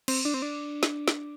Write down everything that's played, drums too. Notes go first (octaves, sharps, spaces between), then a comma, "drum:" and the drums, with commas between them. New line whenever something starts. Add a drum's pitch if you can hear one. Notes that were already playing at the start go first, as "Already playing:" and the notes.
C4, drum: cymbal
D4
C4
D4
drum: snare
drum: snare